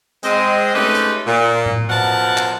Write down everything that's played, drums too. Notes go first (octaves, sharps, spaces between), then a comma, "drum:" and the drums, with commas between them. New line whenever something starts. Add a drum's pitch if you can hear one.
G#3 C4 D#5, drum: hi-hat
G#3 A3 C#4 D#4 G4 B4
drum: hi-hat
A#2
drum: tom A2
F#2 B2 F3 A#4 F#5 A5
drum: clap